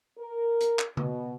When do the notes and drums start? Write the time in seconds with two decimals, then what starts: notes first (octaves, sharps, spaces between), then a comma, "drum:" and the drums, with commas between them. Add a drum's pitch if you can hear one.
0.18 A#4
0.61 drum: hi-hat
0.79 drum: clap
0.97 B2, drum: tom C#3